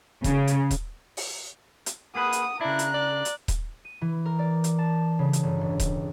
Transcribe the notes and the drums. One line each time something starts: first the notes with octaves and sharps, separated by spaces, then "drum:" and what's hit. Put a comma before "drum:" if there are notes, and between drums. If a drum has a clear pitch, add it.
C#3, drum: kick D#1, hi-hat
drum: hi-hat
drum: kick D#1, hi-hat
drum: open hi-hat
drum: hi-hat
A#3 G#4 B4 F#5 D#6
drum: hi-hat
C#3 D4 E4 A#5 F#6
drum: hi-hat
D5
drum: hi-hat
drum: kick D#1, hi-hat
D#7
E3
A#4
D5
drum: hi-hat
A5
C#3
drum: hi-hat
G1
E1
drum: kick D#1, hi-hat